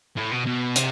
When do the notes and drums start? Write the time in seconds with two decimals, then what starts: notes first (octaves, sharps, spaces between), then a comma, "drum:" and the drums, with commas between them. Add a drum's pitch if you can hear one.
0.17 A2
0.32 B2
0.47 B2
0.76 C3, drum: hi-hat